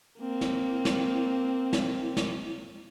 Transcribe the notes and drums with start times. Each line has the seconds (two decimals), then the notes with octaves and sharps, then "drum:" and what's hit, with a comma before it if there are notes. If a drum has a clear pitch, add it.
0.19 A#3 C4
0.41 drum: snare
0.85 drum: snare
1.73 drum: snare
2.17 drum: snare